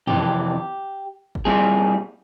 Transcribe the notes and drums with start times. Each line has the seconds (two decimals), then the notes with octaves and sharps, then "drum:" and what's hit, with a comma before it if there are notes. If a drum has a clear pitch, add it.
0.07 F2 C3 E3 G4, drum: tom F#2
1.35 drum: kick G1
1.45 A#2 G3 C4 E4 G#4